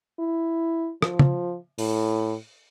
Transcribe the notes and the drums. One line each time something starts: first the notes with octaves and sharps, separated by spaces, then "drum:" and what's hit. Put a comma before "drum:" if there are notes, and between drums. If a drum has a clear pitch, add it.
E4
F3, drum: rim click
drum: tom
A2, drum: open hi-hat